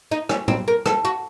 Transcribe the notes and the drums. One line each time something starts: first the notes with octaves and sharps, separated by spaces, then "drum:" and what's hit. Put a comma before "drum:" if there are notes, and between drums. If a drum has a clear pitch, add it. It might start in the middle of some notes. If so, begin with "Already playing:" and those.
D#4
C#4, drum: rim click
C4, drum: tom
A#4
A4, drum: rim click
F#4